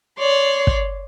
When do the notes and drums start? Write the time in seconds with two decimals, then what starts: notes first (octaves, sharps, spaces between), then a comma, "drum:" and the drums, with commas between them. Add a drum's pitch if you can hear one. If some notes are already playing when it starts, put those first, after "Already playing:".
0.18 C#5 D5 C6
0.67 drum: kick